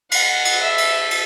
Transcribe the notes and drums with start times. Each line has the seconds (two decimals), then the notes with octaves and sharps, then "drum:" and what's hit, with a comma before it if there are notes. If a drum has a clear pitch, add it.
0.11 F#5, drum: cymbal
0.45 drum: cymbal
0.62 E5
0.78 drum: cymbal
1.11 drum: cymbal